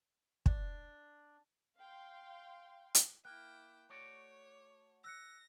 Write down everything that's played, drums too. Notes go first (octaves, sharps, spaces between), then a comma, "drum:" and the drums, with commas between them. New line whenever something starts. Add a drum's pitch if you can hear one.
D4, drum: kick
F5 G5 C6
drum: hi-hat
A#3 E4 G5 F#6
A3 F#4 C#5 D5
E6 F#6 A#6 C#7